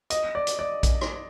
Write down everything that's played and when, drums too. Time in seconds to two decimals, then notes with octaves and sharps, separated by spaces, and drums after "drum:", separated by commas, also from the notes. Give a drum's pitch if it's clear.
0.10 D#5, drum: hi-hat
0.35 D5
0.47 drum: hi-hat
0.59 D5
0.83 drum: kick A#1, hi-hat
1.01 drum: rim click